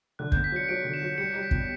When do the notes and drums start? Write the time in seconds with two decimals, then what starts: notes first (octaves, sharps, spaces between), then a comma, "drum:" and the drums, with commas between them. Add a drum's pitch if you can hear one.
0.19 D3 F#6
0.32 B3 G6, drum: kick
0.44 B6
0.52 F#3 C#7
0.64 C#7
0.69 F#3 D7
0.85 D3
0.94 E7
1.02 F#3
1.18 G3 C#7
1.35 G3
1.43 B6
1.51 B2, drum: kick